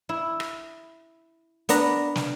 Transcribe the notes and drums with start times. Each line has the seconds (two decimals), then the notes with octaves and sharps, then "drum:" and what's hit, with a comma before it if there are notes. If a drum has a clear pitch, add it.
0.09 E4
0.40 drum: rim click
1.69 B3 D4 B4 A#5, drum: hi-hat
2.16 drum: snare